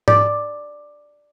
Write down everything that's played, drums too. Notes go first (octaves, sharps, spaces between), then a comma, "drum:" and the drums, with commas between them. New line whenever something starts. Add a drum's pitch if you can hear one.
D5, drum: tom G#2